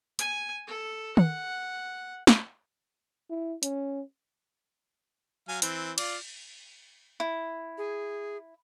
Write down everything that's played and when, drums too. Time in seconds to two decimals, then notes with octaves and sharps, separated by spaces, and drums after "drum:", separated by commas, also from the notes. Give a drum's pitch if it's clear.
0.19 G#5, drum: hi-hat
0.67 A4
1.17 F#5, drum: tom
2.27 drum: snare
3.30 E4
3.63 C#4, drum: hi-hat
5.48 F#3 F5 G#5
5.62 E3 C4, drum: hi-hat
5.98 F4 D5, drum: cymbal
7.20 E4
7.78 G#4